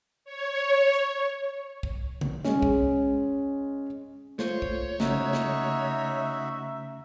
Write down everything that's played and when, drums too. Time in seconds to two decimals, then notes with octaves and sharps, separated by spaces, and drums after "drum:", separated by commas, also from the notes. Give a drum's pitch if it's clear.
0.25 C#5
0.93 drum: hi-hat
1.83 drum: kick
2.21 drum: tom C3
2.45 G#3 C#4, drum: snare
2.62 drum: kick
4.39 A3 F4 C5 C#5, drum: snare
4.62 drum: kick
5.00 C#3 A3 C#4 D#4 F#4 E5, drum: snare
5.33 drum: snare